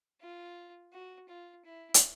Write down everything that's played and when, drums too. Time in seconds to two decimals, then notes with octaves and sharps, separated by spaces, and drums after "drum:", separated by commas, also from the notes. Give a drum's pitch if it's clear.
0.21 F4
0.93 F#4
1.29 F4
1.65 E4
1.94 drum: hi-hat